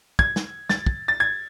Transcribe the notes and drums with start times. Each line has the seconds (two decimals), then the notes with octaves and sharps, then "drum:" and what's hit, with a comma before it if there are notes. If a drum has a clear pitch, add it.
0.19 G#6, drum: kick
0.36 drum: snare
0.70 A6, drum: snare
0.86 drum: kick
1.08 A6
1.20 G#6